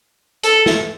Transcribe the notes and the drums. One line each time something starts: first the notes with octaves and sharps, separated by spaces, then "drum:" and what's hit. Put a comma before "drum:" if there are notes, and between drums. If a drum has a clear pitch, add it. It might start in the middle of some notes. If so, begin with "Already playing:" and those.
A4, drum: hi-hat
drum: snare